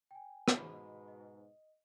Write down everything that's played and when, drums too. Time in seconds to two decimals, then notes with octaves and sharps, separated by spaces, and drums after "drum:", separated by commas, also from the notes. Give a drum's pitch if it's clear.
0.11 G5 G#5
0.48 drum: rim click
0.58 G#2 B2 B5
1.08 D#5